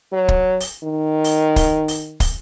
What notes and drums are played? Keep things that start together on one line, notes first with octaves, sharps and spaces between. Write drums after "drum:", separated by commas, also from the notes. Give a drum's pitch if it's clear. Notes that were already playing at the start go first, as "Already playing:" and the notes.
F#3
drum: kick
drum: open hi-hat
D#3
drum: open hi-hat
drum: kick, open hi-hat
drum: open hi-hat
drum: kick, open hi-hat